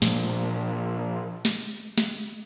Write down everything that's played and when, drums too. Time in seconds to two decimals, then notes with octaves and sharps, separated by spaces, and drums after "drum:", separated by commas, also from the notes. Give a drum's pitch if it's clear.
0.02 A#2 F3 A#3 D4, drum: snare
1.45 drum: snare
1.98 drum: snare